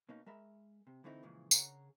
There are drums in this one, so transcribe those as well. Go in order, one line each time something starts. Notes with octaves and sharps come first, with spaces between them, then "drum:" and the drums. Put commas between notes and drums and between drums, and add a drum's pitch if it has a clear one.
B2 A#3 C#4 D#4
G#3 A#4 E5 B5
C3
D3 E3 A3 C4 D#4 E4
A#2 C#3 E3 F3 G#3
C#3 D4 G#4 A#4 C#5 F#5, drum: tambourine